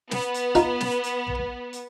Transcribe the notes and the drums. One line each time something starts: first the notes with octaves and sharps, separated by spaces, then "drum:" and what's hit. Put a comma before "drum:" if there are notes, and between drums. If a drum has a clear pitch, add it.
B3, drum: snare
drum: hi-hat
D#4 F4, drum: hi-hat
drum: snare
drum: hi-hat
drum: tom
drum: hi-hat